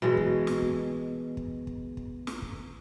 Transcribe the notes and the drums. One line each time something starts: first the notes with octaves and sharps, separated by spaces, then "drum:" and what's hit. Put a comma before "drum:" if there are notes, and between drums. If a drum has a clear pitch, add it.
B2 E3 G#3
drum: kick
drum: snare
drum: kick
drum: kick
drum: kick
drum: kick
drum: snare
drum: kick